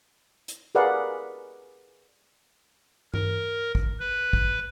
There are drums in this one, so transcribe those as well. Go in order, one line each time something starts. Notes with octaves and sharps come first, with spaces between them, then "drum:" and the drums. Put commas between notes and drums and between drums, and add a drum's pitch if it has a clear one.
drum: hi-hat
G#4 A#4 B4 D5 F5 F#5
A#4, drum: tom G2
drum: kick
B4
drum: kick